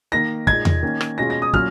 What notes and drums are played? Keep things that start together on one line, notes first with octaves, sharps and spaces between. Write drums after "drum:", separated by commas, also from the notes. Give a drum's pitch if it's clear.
D#3 A#3 D#4 A#6
A#2 G#3 D#4 G#6, drum: kick
drum: tom E2
D#3 A#3 C#4
drum: rim click
B2 G#3 C#4 F4 A#6
A#6
D#6
A#2 F#3 C#4 F4 F6, drum: kick